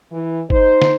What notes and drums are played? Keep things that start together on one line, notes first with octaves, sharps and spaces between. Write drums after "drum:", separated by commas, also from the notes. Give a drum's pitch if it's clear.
E3
D#4 C5, drum: kick G1
drum: snare